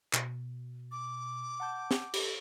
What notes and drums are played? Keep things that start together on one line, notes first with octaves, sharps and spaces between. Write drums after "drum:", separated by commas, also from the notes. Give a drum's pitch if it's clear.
B2, drum: clap
D6
F#5 A5 G6
drum: snare
G4 A4, drum: cymbal